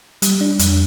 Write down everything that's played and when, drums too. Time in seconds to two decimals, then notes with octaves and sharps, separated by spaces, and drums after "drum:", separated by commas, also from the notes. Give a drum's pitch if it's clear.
0.22 G3, drum: hi-hat
0.41 D4
0.59 F2, drum: hi-hat